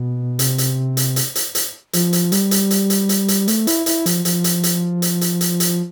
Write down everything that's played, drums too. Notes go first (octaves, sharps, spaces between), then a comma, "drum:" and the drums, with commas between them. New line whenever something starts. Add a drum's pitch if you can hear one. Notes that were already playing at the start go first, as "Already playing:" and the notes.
Already playing: B2
C3, drum: hi-hat
drum: hi-hat
drum: hi-hat
drum: hi-hat
drum: hi-hat
drum: hi-hat
F3, drum: hi-hat
drum: hi-hat
G3, drum: hi-hat
drum: hi-hat
drum: hi-hat
drum: hi-hat
drum: hi-hat
drum: hi-hat
A3, drum: hi-hat
E4, drum: hi-hat
E4, drum: hi-hat
F3, drum: hi-hat
F3, drum: hi-hat
drum: hi-hat
drum: hi-hat
drum: hi-hat
drum: hi-hat
drum: hi-hat
drum: hi-hat